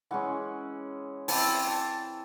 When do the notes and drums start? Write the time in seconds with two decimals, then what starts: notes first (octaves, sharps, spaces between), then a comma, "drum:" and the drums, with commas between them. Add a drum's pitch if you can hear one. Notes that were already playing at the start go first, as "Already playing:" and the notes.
0.11 E3 G#3 C#4 F#5
1.28 E3 C4 A5, drum: open hi-hat
1.48 A5
1.67 A5